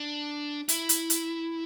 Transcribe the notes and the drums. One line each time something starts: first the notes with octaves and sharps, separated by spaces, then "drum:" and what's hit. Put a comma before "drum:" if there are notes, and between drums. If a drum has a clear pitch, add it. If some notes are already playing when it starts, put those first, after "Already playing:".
Already playing: D4
E4, drum: hi-hat
drum: hi-hat
drum: hi-hat